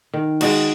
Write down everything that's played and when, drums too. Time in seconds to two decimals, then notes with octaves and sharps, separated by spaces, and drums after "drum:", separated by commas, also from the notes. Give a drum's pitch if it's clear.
0.13 D#3
0.41 G#3 D#4 F#4, drum: cymbal